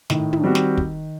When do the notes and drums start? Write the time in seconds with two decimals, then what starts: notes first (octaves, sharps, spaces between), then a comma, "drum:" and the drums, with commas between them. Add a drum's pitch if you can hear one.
0.10 A2 D#3, drum: snare
0.33 drum: tom
0.44 G3 C4 F#4
0.55 drum: snare
0.78 drum: kick